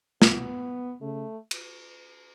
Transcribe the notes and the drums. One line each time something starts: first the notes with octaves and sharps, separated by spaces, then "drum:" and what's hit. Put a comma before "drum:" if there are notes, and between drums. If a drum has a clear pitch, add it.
B2 B3, drum: snare
C#3 A3
drum: cymbal